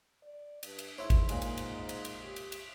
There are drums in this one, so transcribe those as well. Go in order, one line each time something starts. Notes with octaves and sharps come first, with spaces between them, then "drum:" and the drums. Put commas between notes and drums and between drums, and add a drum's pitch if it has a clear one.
D5
G2, drum: cymbal
drum: cymbal
G#2 E4 C5 C#5
drum: kick G#1, cymbal
A#2 G#3, drum: cymbal
drum: cymbal
drum: cymbal
C5 A#5
drum: cymbal
drum: cymbal
G4 C#5
drum: cymbal
drum: cymbal